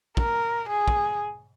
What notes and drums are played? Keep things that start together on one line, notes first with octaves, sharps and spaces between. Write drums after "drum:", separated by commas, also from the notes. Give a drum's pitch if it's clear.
A#4, drum: kick
G#4
drum: kick